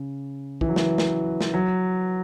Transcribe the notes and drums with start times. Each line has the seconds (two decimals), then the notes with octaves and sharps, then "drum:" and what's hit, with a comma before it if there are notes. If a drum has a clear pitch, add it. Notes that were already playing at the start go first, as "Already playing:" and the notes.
Already playing: C#3
0.61 E3, drum: kick
0.69 F#3
0.76 E3, drum: snare
0.98 drum: snare
1.41 drum: snare
1.54 F#3